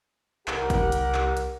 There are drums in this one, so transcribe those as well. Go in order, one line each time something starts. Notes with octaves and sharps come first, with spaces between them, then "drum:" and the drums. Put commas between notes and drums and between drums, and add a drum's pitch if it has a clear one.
C2 G4 A#4 F#5, drum: clap
drum: kick G1, hi-hat
drum: hi-hat
drum: clap
drum: hi-hat